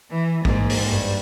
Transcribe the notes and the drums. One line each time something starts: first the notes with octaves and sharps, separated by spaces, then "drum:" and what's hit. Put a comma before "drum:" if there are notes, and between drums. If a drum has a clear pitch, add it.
E3
G#2 A#3, drum: kick
drum: open hi-hat
G2